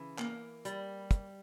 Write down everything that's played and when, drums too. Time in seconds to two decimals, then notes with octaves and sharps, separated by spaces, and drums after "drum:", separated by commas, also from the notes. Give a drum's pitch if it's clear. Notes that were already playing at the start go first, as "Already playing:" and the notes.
Already playing: C#3 E3
0.18 A#3, drum: clap
0.65 G3, drum: hi-hat
1.11 drum: kick, hi-hat